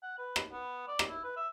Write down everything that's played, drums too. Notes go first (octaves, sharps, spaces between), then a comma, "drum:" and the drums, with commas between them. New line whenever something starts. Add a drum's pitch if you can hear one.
F#5
B4
drum: rim click
B3
D5
drum: rim click
E4
B4
E5